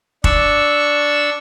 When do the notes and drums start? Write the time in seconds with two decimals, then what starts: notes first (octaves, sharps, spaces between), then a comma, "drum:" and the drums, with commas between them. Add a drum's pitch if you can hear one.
0.24 D4 C#6 E6, drum: kick